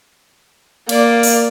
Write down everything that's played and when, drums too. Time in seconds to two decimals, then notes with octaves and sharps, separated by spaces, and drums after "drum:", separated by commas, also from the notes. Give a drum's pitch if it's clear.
0.89 A#3 D5, drum: cymbal
1.23 drum: open hi-hat